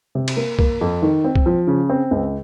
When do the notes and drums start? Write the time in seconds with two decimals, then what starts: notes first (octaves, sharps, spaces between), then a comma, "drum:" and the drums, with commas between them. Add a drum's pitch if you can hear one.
0.15 C3
0.28 drum: cymbal
0.37 A#3
0.59 A#3, drum: kick
0.81 F2
1.02 D#3
1.24 C4
1.35 drum: kick
1.46 F3
1.67 C#3
1.90 C4
2.11 C#2